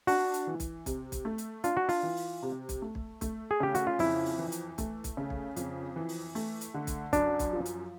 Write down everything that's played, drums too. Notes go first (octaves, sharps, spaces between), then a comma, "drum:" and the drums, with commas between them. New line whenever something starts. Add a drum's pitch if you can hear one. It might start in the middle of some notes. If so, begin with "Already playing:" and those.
D4 F#4, drum: open hi-hat
drum: hi-hat
E3
drum: kick, hi-hat
C3, drum: kick, hi-hat
drum: kick, hi-hat
A3
drum: hi-hat
D4 F4, drum: hi-hat
F#4
F4, drum: open hi-hat
E3
drum: open hi-hat
C3
drum: kick, hi-hat
A3
drum: kick
A3, drum: kick, hi-hat
G#4
C#3 G4
F#4, drum: hi-hat
F4
F2 E4, drum: open hi-hat
drum: open hi-hat
E3
drum: hi-hat
A3, drum: kick, hi-hat
drum: kick, hi-hat
C#3
drum: kick
F2, drum: hi-hat
E3
drum: open hi-hat
A3, drum: open hi-hat
drum: hi-hat
D3
drum: kick, hi-hat
F#2 D4, drum: kick, hi-hat
drum: kick, hi-hat
F3
drum: hi-hat